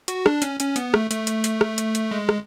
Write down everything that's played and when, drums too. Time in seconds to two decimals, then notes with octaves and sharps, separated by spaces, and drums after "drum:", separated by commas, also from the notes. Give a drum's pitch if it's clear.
0.08 F#4, drum: hi-hat
0.26 D4, drum: rim click
0.42 C#4, drum: hi-hat
0.60 C#4, drum: hi-hat
0.76 B3, drum: hi-hat
0.94 A3, drum: rim click
1.11 A3, drum: hi-hat
1.27 drum: hi-hat
1.44 drum: hi-hat
1.61 drum: rim click
1.78 drum: hi-hat
1.95 drum: hi-hat
2.11 G#3
2.29 drum: rim click